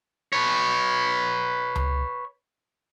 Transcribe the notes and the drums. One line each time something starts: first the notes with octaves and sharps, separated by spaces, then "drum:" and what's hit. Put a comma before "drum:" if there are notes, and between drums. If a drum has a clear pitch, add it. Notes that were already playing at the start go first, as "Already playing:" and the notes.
B4 C#5
drum: tom C#2